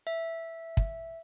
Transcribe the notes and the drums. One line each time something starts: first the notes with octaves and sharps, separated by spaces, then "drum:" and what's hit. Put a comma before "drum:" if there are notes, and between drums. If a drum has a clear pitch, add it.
E5
drum: kick